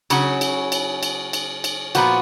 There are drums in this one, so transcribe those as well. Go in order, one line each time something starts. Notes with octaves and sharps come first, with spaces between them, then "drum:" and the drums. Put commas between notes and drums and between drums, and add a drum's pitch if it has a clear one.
C#3 F#3 C#4 F#4, drum: cymbal
drum: cymbal
drum: cymbal
drum: cymbal
drum: cymbal
drum: cymbal
A#2 F3 B3 F#4, drum: cymbal